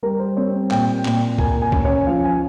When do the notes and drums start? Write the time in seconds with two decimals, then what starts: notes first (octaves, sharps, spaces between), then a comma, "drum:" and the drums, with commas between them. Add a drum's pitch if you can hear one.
0.03 G3 A#4
0.19 C5
0.37 C4 C#5
0.71 A#2 G5, drum: clap
1.05 A#2, drum: clap
1.38 A#3 G#5, drum: kick
1.62 G#5
1.72 C#4, drum: kick
1.85 C#5
2.07 F3 F5
2.24 G#5